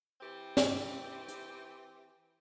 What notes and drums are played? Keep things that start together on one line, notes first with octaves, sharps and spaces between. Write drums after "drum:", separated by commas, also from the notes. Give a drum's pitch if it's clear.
E3 C4 G4
drum: snare
drum: hi-hat